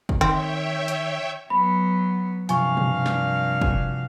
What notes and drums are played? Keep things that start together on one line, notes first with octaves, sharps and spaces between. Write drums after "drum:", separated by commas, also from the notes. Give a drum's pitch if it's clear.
drum: kick
D#3 C4 C#5 E5 G5
drum: hi-hat
F#3 B3 B5
G2 C3 F3 F5 G#5 C#6, drum: hi-hat
drum: tom B2
D6 F6, drum: snare
F#4 G#5, drum: kick